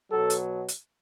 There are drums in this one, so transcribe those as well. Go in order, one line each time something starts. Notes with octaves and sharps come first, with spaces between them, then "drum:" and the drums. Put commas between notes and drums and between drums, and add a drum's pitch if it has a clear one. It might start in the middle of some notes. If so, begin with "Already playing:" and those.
B2 F#3 A4
drum: hi-hat
drum: hi-hat